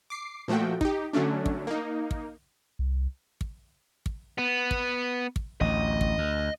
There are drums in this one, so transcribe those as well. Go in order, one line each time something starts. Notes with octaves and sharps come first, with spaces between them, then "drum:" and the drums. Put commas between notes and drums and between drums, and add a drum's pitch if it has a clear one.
D6 C7
A#2 F3 A3 F#4 G5
D#4 G4, drum: kick
D3 F#3 A3 C#4 D4
drum: kick
A#3 D#4
drum: kick
C2
drum: kick
drum: kick
B3
drum: kick
drum: kick
A1 D2 D#5
drum: kick
D2